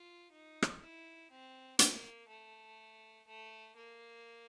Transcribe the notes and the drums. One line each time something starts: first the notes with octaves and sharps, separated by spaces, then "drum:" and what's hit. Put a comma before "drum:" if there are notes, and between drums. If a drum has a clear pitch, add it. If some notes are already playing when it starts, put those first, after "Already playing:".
Already playing: F4
D#4
drum: rim click
E4
C4
A#3, drum: hi-hat
A3
A3
A#3